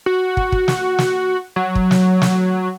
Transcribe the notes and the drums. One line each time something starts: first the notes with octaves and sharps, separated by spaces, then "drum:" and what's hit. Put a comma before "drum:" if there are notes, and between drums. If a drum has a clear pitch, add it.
F#4
drum: kick
drum: kick
drum: snare
drum: snare
F#3
drum: kick
drum: snare
drum: snare